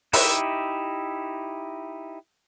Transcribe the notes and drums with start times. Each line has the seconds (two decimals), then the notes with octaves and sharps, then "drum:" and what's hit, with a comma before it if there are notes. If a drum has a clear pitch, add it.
0.13 D#4 E4 G4 E5, drum: open hi-hat